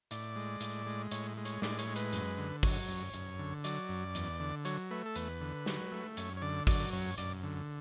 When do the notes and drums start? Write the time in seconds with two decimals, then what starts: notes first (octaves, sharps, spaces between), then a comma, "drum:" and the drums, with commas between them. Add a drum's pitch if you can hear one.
0.11 A2 D5, drum: hi-hat
0.36 G#3
0.61 A2, drum: hi-hat
0.86 G#3
1.11 A2 C#5, drum: hi-hat
1.37 G#3
1.45 C#5, drum: hi-hat
1.62 A2 D5, drum: snare
1.79 C#5, drum: hi-hat
1.87 G#3
1.96 B4, drum: hi-hat
2.13 F#2, drum: hi-hat
2.38 D3
2.63 F#3 C#5, drum: kick, open hi-hat
2.89 F#2
3.14 F#2, drum: hi-hat
3.39 D3
3.64 F#3 D5, drum: hi-hat
3.89 F#2
4.15 E2, drum: hi-hat
4.40 D3
4.65 F#3 C#5, drum: hi-hat
4.91 A3 B4
5.06 A4
5.15 E2 B4, drum: hi-hat
5.41 D3
5.66 F#3, drum: snare
5.92 A3
6.17 F#2 C#5, drum: hi-hat
6.37 C#5
6.42 D3 D5
6.67 F#3 D5, drum: kick, open hi-hat
6.93 F#2 C#5
7.18 F#2 D5, drum: hi-hat
7.43 D3